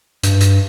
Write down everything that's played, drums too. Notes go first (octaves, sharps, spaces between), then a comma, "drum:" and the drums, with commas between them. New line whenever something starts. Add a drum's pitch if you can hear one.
G2, drum: hi-hat
drum: hi-hat